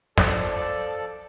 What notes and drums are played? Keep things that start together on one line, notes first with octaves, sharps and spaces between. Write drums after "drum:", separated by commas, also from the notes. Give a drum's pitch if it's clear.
F3 A4 D5, drum: snare